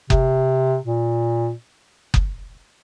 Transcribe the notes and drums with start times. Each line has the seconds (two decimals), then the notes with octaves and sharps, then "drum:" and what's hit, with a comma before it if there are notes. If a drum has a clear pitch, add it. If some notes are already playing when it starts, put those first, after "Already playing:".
0.10 C3, drum: kick F#1
0.85 A#2
2.14 drum: kick F#1